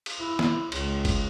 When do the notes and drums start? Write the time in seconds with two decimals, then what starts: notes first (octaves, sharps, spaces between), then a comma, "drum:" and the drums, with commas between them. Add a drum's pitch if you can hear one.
0.06 drum: cymbal
0.19 E4
0.39 drum: snare
0.72 C#2, drum: cymbal
1.05 drum: kick, cymbal